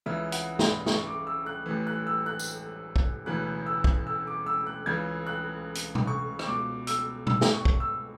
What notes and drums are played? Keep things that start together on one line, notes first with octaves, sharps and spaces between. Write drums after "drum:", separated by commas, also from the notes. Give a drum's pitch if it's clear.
C#2 C#3 E3 E5
F#5, drum: hi-hat
B5, drum: snare
C#6, drum: snare
D6
E6
F#6
A1 A2 E3
F#6
E6
F#6
drum: tambourine
drum: kick
E1 D2 C#3 E3 F#6
E6
drum: kick
E6
D6
E6
F#6
C#2 C#3 E3 G#6
F#6
drum: hi-hat
drum: tom A#2
C#6
C#6, drum: rim click
C#2 B2 D6
E6, drum: hi-hat
E6, drum: tom A#2
drum: snare
C#6
drum: kick
E6